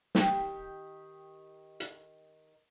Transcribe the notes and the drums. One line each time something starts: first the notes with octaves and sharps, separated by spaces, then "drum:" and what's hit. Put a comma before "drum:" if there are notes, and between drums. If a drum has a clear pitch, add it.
D#3 G4 G5, drum: snare
drum: hi-hat